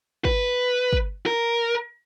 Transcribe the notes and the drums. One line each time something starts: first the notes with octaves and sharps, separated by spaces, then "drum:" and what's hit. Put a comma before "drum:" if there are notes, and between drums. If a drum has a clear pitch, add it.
B4, drum: kick
drum: kick
A#4